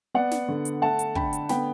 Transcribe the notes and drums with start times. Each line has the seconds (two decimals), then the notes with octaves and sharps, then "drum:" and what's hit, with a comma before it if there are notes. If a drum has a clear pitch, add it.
0.14 B3 D5 F#5
0.31 drum: snare
0.48 D3
0.65 drum: hi-hat
0.82 A3 F#5 A5
0.99 drum: hi-hat
1.15 D3 G5 B5, drum: kick
1.33 drum: hi-hat
1.49 B3 G5 B5, drum: snare